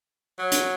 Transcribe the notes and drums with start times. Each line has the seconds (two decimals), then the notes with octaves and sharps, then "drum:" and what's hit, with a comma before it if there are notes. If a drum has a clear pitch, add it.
0.39 F#3
0.52 drum: hi-hat